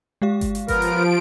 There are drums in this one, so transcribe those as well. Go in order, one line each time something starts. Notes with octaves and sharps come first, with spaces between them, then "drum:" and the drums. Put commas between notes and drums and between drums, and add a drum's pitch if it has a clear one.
G#3 G4 F5
drum: kick G1, hi-hat
drum: hi-hat
F3 B3 A#4 D7, drum: kick G1, hi-hat
drum: hi-hat